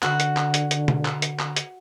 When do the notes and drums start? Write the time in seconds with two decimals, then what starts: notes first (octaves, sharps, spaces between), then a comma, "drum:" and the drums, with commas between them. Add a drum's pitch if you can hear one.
0.03 D3 F#4, drum: clap
0.20 drum: hi-hat
0.37 drum: clap
0.54 drum: hi-hat
0.71 drum: hi-hat
0.88 drum: tom B2
1.05 drum: clap
1.22 drum: hi-hat
1.39 drum: clap
1.56 drum: hi-hat